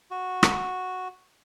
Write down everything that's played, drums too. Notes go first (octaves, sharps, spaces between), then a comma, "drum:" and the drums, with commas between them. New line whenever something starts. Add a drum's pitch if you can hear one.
F#4
drum: rim click